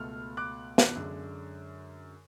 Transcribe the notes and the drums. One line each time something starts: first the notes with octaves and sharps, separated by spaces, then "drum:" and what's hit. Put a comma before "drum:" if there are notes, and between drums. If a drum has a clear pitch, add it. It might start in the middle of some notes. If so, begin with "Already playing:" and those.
Already playing: C#2 B2 A3 F6
D6 F#6
drum: snare
F#2 D3 G#3